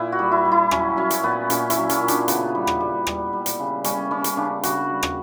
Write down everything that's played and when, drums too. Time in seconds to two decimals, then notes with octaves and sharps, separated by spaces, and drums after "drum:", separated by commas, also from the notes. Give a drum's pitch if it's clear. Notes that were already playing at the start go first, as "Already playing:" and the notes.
Already playing: A#2 E4
0.12 F#4
0.19 G3
0.32 E4
0.45 G3
0.52 E4
0.71 F#3 C#4, drum: rim click
0.97 F#3 C#4
1.10 drum: hi-hat
1.23 A#2 B3
1.50 A#2 C#4, drum: hi-hat
1.70 E4, drum: hi-hat
1.76 F#3
1.89 C#4, drum: hi-hat
2.02 A#2
2.08 D4, drum: hi-hat
2.28 C#3 B3, drum: hi-hat
2.55 G3
2.67 drum: rim click
2.80 G3
3.07 G3, drum: rim click
3.33 G3
3.46 drum: hi-hat
3.59 C#3
3.84 G3 C#4, drum: hi-hat
4.11 G3 C#4
4.24 drum: hi-hat
4.37 C#3 D4
4.63 C#3 F#4, drum: hi-hat
4.90 G3
5.03 drum: rim click